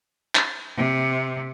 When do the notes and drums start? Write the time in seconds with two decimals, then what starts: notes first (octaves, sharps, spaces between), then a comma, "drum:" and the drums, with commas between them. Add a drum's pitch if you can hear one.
0.35 drum: clap
0.76 C3